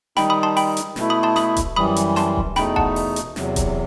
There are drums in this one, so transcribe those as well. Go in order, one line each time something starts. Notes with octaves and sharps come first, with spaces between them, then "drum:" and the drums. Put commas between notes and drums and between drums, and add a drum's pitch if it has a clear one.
D#3 G3 D#4 G5 B5, drum: snare
B5 D#6
A5 C6
G5 B5, drum: open hi-hat
drum: hi-hat
B2 A3 E4, drum: snare
B5 D#6
A5 C6
B5 D#6, drum: snare
drum: kick D#1, hi-hat
F#2 E3 G3 B5 D#6
drum: hi-hat
A5 C6, drum: snare
drum: kick D#1
E2 B2 A3 D#4 G5 B5, drum: snare
F#5 A5, drum: kick D#1
drum: open hi-hat
drum: hi-hat
E2 C3 F#3, drum: snare
drum: kick D#1, hi-hat